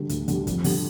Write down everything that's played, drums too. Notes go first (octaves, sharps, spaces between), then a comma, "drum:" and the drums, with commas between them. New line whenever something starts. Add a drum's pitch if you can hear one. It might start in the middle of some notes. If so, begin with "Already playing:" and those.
Already playing: D3 G3
D2, drum: hi-hat
D3 G3, drum: hi-hat
F2, drum: kick, hi-hat
D3 G3, drum: open hi-hat